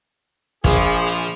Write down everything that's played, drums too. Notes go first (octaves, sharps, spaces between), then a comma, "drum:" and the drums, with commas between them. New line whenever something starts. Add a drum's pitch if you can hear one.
A#1 F3 G#4, drum: kick, hi-hat
drum: hi-hat